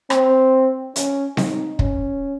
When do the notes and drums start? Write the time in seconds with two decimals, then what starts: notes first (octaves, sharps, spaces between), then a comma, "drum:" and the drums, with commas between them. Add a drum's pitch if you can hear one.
0.10 C4, drum: rim click
0.96 C#4, drum: hi-hat
1.37 D#4, drum: snare C4
1.79 C#4, drum: kick